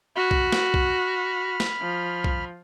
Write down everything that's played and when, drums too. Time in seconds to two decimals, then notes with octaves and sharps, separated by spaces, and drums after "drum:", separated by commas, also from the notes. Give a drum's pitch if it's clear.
0.16 F#4 B5 F6
0.31 drum: kick
0.52 drum: snare
0.74 drum: kick
1.60 drum: snare
1.81 F3
2.24 drum: kick